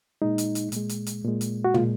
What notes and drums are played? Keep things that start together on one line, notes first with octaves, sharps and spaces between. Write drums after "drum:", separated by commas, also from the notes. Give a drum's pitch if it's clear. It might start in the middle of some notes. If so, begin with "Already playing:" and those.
A#2 G#3 D#4
drum: hi-hat
drum: hi-hat
A#2 G#3, drum: hi-hat
drum: hi-hat
drum: hi-hat
A#2 G#3
drum: hi-hat
F#4
A#2 G#3 F4, drum: tom